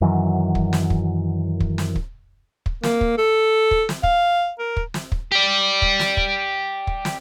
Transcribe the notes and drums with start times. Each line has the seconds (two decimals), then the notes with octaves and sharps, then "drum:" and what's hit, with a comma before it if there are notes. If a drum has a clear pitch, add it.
0.01 F#2 D#3 E3 F#3
0.55 drum: kick
0.73 drum: snare
0.90 drum: kick
1.60 drum: kick
1.78 drum: snare
1.96 drum: kick
2.66 drum: kick
2.83 A#3, drum: snare
3.01 drum: kick
3.18 A4
3.71 drum: kick
3.89 drum: snare
4.03 F5, drum: kick
4.59 A#4
4.77 drum: kick
4.94 drum: snare
5.12 drum: kick
5.32 G4 D5
5.82 drum: kick
6.00 drum: snare
6.17 drum: kick
6.87 drum: kick
7.05 drum: snare